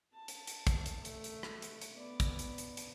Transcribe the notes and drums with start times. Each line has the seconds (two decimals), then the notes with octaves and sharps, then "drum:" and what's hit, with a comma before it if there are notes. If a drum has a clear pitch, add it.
0.15 A5
0.28 drum: hi-hat
0.47 drum: hi-hat
0.67 drum: kick, hi-hat
0.86 drum: hi-hat
1.05 A3, drum: hi-hat
1.24 drum: hi-hat
1.43 drum: rim click
1.62 drum: hi-hat
1.82 drum: hi-hat
1.96 B3 D5
2.20 drum: kick, hi-hat
2.39 drum: hi-hat
2.58 drum: hi-hat
2.77 drum: hi-hat